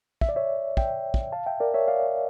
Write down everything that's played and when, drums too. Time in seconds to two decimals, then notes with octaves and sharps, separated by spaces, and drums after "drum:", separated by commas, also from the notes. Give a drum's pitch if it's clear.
0.21 E5, drum: kick
0.29 D5
0.36 C#5 E5
0.77 E5 G5, drum: kick
1.14 drum: kick
1.32 F5 A5
1.46 E5 G5
1.60 A#4 D5
1.74 C#5 E5
1.88 D5 F5